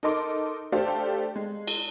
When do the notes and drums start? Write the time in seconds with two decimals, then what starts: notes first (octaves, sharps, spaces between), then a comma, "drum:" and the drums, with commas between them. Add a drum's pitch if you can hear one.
0.03 D#4 A4 A#4 D#5 C6 D6
0.72 A3 D4 G4 A4 C5 F5
1.36 G#3
1.67 drum: cymbal